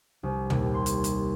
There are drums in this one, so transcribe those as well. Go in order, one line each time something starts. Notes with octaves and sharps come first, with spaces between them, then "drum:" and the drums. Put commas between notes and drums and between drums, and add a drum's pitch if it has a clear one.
C2
D#2, drum: tom
C6
drum: hi-hat
drum: hi-hat